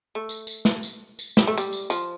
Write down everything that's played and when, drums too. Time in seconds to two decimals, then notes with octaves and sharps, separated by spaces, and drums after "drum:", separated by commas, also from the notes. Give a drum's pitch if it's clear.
0.15 A3
0.29 drum: tambourine
0.47 drum: tambourine
0.65 drum: snare
0.83 drum: tambourine
1.19 drum: tambourine
1.37 G3, drum: snare
1.47 A3
1.58 G3, drum: tambourine
1.73 drum: tambourine
1.90 F3, drum: tambourine